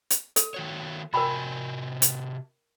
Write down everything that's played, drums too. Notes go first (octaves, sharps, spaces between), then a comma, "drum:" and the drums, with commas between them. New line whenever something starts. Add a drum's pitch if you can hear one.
drum: hi-hat
A4, drum: hi-hat
D#3 F#4 C#5
C3 F#4 A#4 G5 G#5 B5
drum: hi-hat